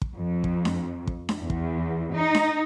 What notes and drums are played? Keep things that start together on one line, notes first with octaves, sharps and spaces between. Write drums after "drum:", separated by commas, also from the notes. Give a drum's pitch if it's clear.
drum: kick
F2
drum: kick
drum: snare D4
drum: kick
drum: snare D4
E2
drum: kick
D#4
drum: snare D4